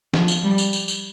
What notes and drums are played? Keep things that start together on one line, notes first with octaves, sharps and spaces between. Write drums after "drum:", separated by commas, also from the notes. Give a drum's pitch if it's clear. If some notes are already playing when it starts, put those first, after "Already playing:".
F3, drum: snare
drum: tambourine
G3
drum: tambourine
drum: tambourine
drum: tambourine